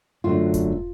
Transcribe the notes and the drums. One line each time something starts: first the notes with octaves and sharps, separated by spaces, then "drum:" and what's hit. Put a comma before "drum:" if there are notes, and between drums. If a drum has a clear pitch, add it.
F#2 D3 F#3 A3 D4 F4
drum: kick E1, hi-hat